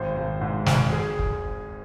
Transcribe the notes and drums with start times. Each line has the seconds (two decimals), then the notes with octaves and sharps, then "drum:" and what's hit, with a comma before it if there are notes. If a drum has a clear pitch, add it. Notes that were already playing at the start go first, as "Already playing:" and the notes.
Already playing: G#1 C5
0.16 G#1
0.41 G#2
0.66 G#1, drum: snare
0.92 G#4
1.19 drum: kick